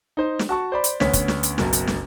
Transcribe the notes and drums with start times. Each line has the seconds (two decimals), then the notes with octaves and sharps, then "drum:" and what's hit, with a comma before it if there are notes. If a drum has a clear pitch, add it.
0.17 D#4 C5
0.39 drum: snare
0.49 F#4 A5 C#6
0.72 C5 D5 B5
0.84 drum: hi-hat
1.00 D2 B3 C#4 C#5 B6, drum: snare
1.13 drum: kick, hi-hat
1.28 drum: snare
1.43 drum: hi-hat
1.58 F#1 B1, drum: snare
1.73 drum: hi-hat
1.87 drum: snare